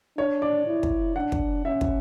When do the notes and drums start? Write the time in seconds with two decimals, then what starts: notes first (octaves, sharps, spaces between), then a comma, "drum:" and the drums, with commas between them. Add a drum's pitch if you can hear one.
0.17 D4 C#5
0.42 D5
0.67 E4
0.83 drum: kick
1.16 D4 F#5
1.32 drum: kick
1.65 C#4 E5
1.81 drum: kick